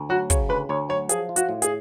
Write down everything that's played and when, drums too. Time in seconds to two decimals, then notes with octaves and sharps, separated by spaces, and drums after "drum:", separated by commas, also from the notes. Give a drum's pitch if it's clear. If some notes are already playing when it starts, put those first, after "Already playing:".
Already playing: D2
0.09 F#3 F#4
0.30 C#3 C#5, drum: kick, hi-hat
0.49 D2 B4
0.69 D2 C#5
0.89 F#3 C#5
1.09 F3 G#4, drum: hi-hat
1.29 F4
1.36 F#4, drum: hi-hat
1.49 A2
1.62 G#4, drum: hi-hat